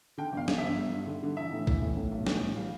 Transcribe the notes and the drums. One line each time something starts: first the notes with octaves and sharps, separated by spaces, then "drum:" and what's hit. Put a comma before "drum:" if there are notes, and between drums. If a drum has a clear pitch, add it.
D3 G5
G1 F5
G2, drum: snare
G1 E5
G2
G2
D3
D3
E3 E5
A2
E3, drum: kick B1
A2
A2
B1
A2, drum: snare
E3
G3 F5